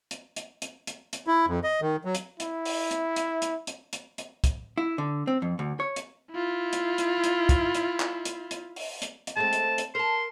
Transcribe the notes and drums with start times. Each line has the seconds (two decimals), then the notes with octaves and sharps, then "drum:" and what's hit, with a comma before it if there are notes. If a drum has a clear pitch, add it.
0.11 drum: hi-hat
0.36 drum: hi-hat
0.62 drum: hi-hat
0.87 drum: hi-hat
1.13 drum: hi-hat
1.27 E4
1.47 F2
1.64 D#5
1.82 D#3
2.05 F#3
2.15 drum: hi-hat
2.40 E4, drum: hi-hat
2.65 drum: open hi-hat
2.91 drum: hi-hat
3.16 drum: hi-hat
3.42 drum: hi-hat
3.67 drum: hi-hat
3.93 drum: hi-hat
4.18 drum: hi-hat
4.44 drum: kick, hi-hat
4.78 E4
4.98 D3
5.27 C4
5.42 F2
5.59 D2
5.80 C#5
5.96 drum: hi-hat
6.31 E4 F4
6.73 drum: hi-hat
6.98 drum: hi-hat
7.24 drum: hi-hat
7.49 drum: kick, hi-hat
7.75 drum: hi-hat
8.00 drum: clap
8.25 drum: hi-hat
8.51 drum: hi-hat
8.76 drum: open hi-hat
9.02 drum: hi-hat
9.27 drum: hi-hat
9.37 G#3 A3 C4 A5
9.53 drum: hi-hat
9.78 drum: hi-hat
9.95 A#4 A5 C6